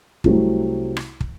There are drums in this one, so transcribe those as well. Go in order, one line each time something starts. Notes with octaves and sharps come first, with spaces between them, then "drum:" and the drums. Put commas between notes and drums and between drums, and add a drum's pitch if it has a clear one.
C2 C3 F#3 A3 C4, drum: kick
drum: rim click
drum: kick